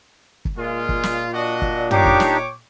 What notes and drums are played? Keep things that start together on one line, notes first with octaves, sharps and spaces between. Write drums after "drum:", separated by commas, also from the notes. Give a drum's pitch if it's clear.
drum: kick
A#2 G#3 F4
drum: kick
drum: snare
D4 F#4 D#5
drum: kick
D4 D#4 G4 C#5 G5 D6, drum: tom
drum: kick
drum: snare